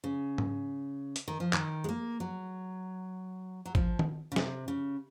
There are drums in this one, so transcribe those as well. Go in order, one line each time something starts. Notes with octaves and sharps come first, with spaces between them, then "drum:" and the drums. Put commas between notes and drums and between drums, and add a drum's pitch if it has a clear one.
C#3
drum: tom G#2
drum: hi-hat
D#3
F3
D#3, drum: clap
G#3
A#3
F#3
F#3
F3, drum: kick G#1
drum: tom D#3
C#3
C3, drum: snare
C#3